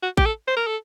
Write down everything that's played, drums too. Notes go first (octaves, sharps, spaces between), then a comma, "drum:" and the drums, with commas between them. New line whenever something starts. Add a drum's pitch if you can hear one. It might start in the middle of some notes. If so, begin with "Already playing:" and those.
F#4
G4, drum: kick A1
A4
C5
A#4
A4